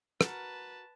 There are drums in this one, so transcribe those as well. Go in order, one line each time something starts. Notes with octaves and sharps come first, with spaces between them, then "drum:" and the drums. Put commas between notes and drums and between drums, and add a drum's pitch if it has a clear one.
F#4 A#4 B4 A5, drum: rim click